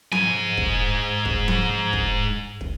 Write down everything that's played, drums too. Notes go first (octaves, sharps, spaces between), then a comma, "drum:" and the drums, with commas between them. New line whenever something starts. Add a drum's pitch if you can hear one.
G#2 G#5, drum: tom F3
drum: kick
drum: kick
drum: tom F3
drum: kick
drum: kick